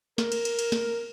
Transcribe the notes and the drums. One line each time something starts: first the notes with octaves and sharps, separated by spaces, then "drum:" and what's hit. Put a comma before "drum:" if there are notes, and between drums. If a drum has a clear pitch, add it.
A#4, drum: snare
drum: cymbal
drum: cymbal
drum: cymbal
drum: snare